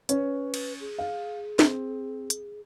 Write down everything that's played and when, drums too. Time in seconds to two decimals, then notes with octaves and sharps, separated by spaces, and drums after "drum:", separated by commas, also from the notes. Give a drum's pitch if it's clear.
0.09 C#4 B4 C#5, drum: hi-hat
0.54 drum: cymbal
0.81 G#4
0.99 F5
1.59 C4, drum: snare
2.30 drum: hi-hat